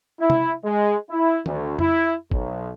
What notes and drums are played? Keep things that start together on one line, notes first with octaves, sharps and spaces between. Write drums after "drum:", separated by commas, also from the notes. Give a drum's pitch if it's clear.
E4
drum: tom C3
G#3
E4
D2, drum: tom D#3
E4, drum: tom F2
B1, drum: kick G1